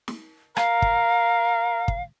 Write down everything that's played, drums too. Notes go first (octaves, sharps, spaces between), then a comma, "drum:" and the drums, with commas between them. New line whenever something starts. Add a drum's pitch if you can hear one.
drum: snare
A#4 F5, drum: rim click
drum: kick
drum: kick